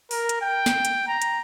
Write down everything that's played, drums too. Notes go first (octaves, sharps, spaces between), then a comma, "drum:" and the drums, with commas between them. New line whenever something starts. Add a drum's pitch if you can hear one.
A#4, drum: open hi-hat
drum: hi-hat
G5
drum: snare
drum: hi-hat
A#5
drum: hi-hat